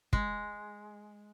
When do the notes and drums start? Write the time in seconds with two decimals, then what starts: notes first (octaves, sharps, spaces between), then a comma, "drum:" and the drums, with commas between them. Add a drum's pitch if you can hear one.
0.13 G#3, drum: kick